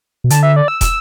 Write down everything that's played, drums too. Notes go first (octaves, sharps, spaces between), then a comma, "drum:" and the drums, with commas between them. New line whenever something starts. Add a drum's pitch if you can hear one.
B2
D3 A5, drum: hi-hat
E5
D5
E6
E6, drum: kick, hi-hat